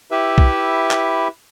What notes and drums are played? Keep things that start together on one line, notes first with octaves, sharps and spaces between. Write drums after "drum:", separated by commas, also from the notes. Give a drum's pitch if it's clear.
E4 G4 B4 E5
drum: kick B1
drum: clap